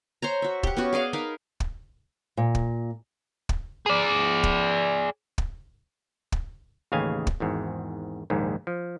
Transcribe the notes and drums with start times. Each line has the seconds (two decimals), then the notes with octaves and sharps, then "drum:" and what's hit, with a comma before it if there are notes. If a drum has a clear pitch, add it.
0.22 C5 C#5 A#5
0.42 F#4 E5
0.63 G4 F#5, drum: kick
0.77 B3 C#4 F#4
0.93 G#4 D5 D#5 F5
1.13 D#4 A#4 F5 B5
1.60 drum: kick
2.37 A#2
2.55 drum: kick
3.49 drum: kick
3.86 G#4 D5
4.43 drum: kick
5.38 drum: kick
6.32 drum: kick
6.92 A1 D#2 C#3 F5 G#5
7.27 drum: kick
7.40 G#1 E2 G#2
8.30 A#1 D#2 G#2
8.67 F3